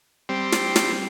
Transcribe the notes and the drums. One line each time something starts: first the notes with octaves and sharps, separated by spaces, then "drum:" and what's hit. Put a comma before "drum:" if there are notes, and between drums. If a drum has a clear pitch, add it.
G3 C4
drum: snare
drum: snare